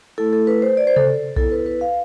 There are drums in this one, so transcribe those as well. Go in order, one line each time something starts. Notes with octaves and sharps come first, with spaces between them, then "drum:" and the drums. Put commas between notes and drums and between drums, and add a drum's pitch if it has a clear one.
A3 E4 A4
A4
B4
C5
D5
C5
A4, drum: tom C3
B3 E4 A4, drum: kick B1
B4
B4
F5